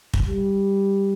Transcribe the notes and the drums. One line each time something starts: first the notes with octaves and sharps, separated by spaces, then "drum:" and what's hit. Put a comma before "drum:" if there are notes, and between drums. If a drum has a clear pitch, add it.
drum: kick
G3